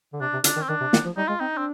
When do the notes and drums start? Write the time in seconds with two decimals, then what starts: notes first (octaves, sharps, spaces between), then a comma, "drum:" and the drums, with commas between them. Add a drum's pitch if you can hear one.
0.13 D3
0.21 C3 D4
0.33 C3
0.44 D3 D4, drum: hi-hat
0.56 D#3
0.62 C4
0.69 D#3 D4
0.81 C3
0.93 D#3, drum: snare
1.05 F3
1.17 G3 D#4
1.28 G#3 F4
1.40 C4 D#4
1.53 C4 D4